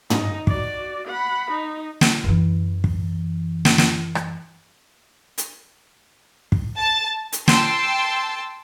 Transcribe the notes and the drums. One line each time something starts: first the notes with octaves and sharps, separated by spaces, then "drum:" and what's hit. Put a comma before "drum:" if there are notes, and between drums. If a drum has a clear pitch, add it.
D#4, drum: tom
F#4 D5, drum: kick
F#5 B5
D#4
drum: snare
F#2 E3
drum: kick
drum: snare
drum: snare
drum: rim click
drum: hi-hat
drum: kick
A5
drum: hi-hat
G5 A5 C6 E6, drum: snare